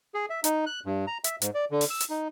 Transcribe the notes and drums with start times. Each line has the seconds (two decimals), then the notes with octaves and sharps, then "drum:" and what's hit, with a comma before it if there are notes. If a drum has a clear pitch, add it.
0.14 G#4
0.30 E5
0.44 D#4, drum: hi-hat
0.66 F#6
0.86 G2
1.07 A#5
1.24 E5, drum: hi-hat
1.42 G#2, drum: hi-hat
1.54 D5
1.71 D3
1.81 drum: open hi-hat
1.90 E6
2.00 drum: hi-hat
2.10 D#4